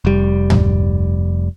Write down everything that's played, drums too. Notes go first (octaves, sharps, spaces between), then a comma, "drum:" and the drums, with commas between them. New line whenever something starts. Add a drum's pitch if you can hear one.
F1 G3
drum: tom